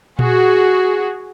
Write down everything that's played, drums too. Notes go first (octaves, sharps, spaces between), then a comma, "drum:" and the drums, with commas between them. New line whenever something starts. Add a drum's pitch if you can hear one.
F#4 G#4, drum: tom A#2